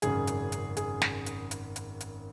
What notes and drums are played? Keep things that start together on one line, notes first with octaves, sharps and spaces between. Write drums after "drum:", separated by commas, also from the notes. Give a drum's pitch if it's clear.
G#1 F#2 C#3 G#4, drum: hi-hat
drum: hi-hat
drum: hi-hat
G#4, drum: hi-hat
drum: snare
drum: hi-hat
drum: hi-hat
drum: hi-hat
drum: hi-hat